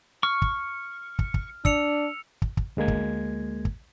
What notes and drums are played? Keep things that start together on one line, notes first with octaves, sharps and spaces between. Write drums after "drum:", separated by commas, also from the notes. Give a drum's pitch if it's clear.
C#6 F6
drum: kick
drum: kick
drum: kick
D4 E6 C#7 F7, drum: kick
drum: kick
drum: kick
D2 G#3 A#3 G#6
drum: kick
drum: kick